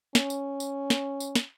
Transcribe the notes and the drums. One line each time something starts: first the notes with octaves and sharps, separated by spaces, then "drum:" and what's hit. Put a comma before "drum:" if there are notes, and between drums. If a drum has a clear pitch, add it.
C#4, drum: snare
drum: tambourine
drum: tambourine
drum: snare
drum: tambourine
drum: snare